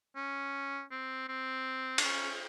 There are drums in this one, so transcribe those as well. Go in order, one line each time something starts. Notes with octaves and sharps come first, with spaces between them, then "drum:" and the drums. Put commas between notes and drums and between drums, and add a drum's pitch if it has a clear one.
C#4
C4
C4
D4, drum: cymbal
C#4